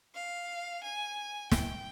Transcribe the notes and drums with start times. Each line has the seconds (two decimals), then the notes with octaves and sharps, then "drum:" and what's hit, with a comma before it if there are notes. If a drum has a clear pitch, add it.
0.15 F5
0.83 G#5
1.52 G5, drum: snare